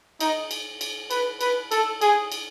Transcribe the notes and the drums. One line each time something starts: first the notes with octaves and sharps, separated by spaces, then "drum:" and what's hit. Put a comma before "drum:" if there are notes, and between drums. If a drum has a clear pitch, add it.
D#4, drum: cymbal
drum: cymbal
drum: cymbal
B4, drum: cymbal
B4, drum: cymbal
A4, drum: cymbal
G#4, drum: cymbal
drum: cymbal